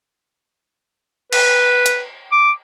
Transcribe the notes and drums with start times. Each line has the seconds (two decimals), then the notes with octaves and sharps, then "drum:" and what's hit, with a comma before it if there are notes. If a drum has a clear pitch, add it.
1.33 B4, drum: cymbal
1.86 drum: hi-hat
2.32 D6